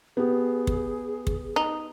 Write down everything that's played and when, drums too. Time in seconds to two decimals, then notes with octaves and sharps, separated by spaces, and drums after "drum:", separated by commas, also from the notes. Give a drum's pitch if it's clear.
0.17 B3 G4 G#4
0.67 drum: kick
1.27 drum: kick
1.56 D#4